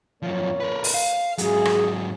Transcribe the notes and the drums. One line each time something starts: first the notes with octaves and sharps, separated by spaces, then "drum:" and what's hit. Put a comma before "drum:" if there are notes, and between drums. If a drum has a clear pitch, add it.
F#2 A#2 F3 A#3 C#5
A#4 B4
drum: open hi-hat
F5
G#2 F#3 G#4, drum: hi-hat
drum: rim click